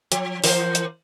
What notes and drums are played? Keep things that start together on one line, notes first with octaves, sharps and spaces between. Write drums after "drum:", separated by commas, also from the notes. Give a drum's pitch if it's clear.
F3, drum: hi-hat
E3 A#4 C5, drum: open hi-hat
drum: hi-hat